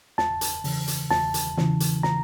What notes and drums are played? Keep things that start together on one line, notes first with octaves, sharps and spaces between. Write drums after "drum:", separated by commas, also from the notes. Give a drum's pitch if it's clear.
E2 A5, drum: snare
drum: hi-hat
C#3 E3, drum: open hi-hat
drum: hi-hat
E2 A5, drum: snare
drum: hi-hat
C#3 E3, drum: snare
drum: hi-hat
A#5, drum: snare